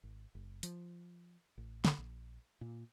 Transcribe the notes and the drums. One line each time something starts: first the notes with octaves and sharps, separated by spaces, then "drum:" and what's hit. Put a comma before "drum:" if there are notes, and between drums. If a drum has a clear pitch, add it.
G#1
F#1
F3, drum: hi-hat
A1
drum: snare
A#1
A#2